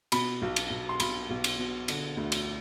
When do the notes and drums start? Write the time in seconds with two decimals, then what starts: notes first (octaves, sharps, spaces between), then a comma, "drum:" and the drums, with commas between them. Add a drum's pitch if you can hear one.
0.12 B2 B5, drum: cymbal
0.42 B1
0.56 drum: cymbal
0.71 B1
0.89 C6
1.00 B1 B5, drum: cymbal
1.30 B1
1.44 drum: cymbal
1.58 B2
1.88 D3, drum: cymbal
2.17 D2
2.32 drum: cymbal